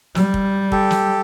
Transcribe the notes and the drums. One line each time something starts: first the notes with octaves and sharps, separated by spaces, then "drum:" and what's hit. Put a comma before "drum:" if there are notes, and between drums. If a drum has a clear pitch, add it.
G3, drum: snare
drum: kick
G4 A4, drum: kick
drum: snare